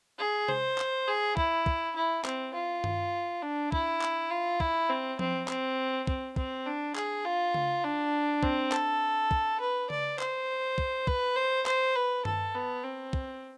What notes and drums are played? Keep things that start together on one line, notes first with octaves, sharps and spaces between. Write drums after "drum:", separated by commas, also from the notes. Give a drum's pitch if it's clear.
G#4
C5, drum: tom C3
drum: clap
G#4
E4, drum: kick
drum: kick
E4
C4, drum: clap
F4
drum: tom G2
D4
E4, drum: kick
drum: clap
F4
E4, drum: kick
C4
C4, drum: tom F3
C4, drum: clap
C4, drum: kick
C4, drum: kick
D4
G#4, drum: clap
F4
drum: tom C#3
D4
C4, drum: kick
A4, drum: clap
drum: kick
B4
D5, drum: tom C#3
C5, drum: clap
drum: kick
B4, drum: kick
C5
C5, drum: clap
B4
A4, drum: tom G2
B3
C4
drum: kick